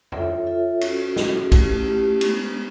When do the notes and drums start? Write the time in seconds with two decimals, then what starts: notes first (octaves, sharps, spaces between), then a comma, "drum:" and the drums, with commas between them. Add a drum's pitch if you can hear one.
0.12 F4 A4 C#5 E5, drum: tom F2
0.46 F4 A4 C#5 E5
0.81 C#4 F#4 A4, drum: cymbal
1.16 C#4 F#4 A4, drum: snare
1.52 A3 C#4 E4 G4, drum: kick, cymbal
1.86 A3 C#4 E4 G4
2.21 G#3 B3 D4, drum: cymbal